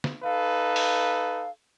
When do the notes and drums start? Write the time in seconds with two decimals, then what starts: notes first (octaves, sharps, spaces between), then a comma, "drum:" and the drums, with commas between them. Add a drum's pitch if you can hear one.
0.04 drum: snare
0.23 D#4 A4 B4 F5
0.76 drum: open hi-hat